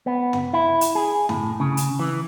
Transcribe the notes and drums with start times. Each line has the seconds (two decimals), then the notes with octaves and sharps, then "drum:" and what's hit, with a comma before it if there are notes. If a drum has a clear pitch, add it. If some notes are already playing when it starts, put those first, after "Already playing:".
0.06 B3
0.33 drum: tom
0.53 E4
0.81 drum: hi-hat
0.95 G#4
1.29 A2, drum: tom
1.60 C#3
1.77 drum: hi-hat
1.99 E3